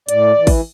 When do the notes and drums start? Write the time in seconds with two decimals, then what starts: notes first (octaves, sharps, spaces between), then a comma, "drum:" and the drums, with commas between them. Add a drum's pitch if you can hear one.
0.09 A2 D5, drum: hi-hat
0.38 E3
0.47 drum: kick A1, open hi-hat